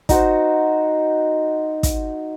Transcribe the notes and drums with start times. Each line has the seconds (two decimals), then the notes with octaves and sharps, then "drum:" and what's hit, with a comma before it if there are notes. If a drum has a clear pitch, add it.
0.09 D#4 F#4 C5, drum: kick, hi-hat
1.83 drum: kick, hi-hat